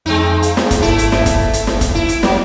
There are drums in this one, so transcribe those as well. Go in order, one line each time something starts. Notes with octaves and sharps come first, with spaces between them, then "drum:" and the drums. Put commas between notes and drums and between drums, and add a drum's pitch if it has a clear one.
F2 G#3 C4 D#4
F5, drum: hi-hat
drum: snare
drum: kick, hi-hat
G#1 A3 E4 A5
drum: hi-hat
drum: snare
drum: kick, hi-hat
drum: hi-hat
drum: snare
drum: kick, hi-hat
E4
drum: hi-hat
F#3 G3 B3 D#5, drum: snare